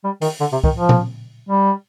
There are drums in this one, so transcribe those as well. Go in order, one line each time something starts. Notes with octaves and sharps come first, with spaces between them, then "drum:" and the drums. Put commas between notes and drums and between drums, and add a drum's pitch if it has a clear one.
G3
D#3, drum: open hi-hat
D3
C3
D#3, drum: kick C2
F3
drum: tom A#2
G3